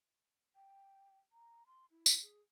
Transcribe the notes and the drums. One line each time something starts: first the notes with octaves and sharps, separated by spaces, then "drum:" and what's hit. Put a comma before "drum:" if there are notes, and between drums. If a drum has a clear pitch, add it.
G5
A#5
C6
E4
drum: tambourine
G#4